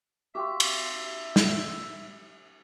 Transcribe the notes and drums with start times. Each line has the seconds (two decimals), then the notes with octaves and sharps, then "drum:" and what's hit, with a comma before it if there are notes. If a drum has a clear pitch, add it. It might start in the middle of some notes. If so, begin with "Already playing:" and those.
0.35 F#4 G4 E5 F5 C6 D6
0.60 drum: cymbal
1.36 drum: snare